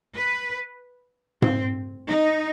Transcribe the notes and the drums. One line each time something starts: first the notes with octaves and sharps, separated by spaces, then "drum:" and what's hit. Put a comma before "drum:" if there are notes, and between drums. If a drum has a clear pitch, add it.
B4
C4, drum: tom G#2
D#4